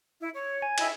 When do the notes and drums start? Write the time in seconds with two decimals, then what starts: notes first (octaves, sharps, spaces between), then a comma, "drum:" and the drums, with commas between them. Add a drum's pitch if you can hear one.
0.21 E4
0.34 C#5
0.62 G#5
0.78 E4 D#5 G5, drum: cymbal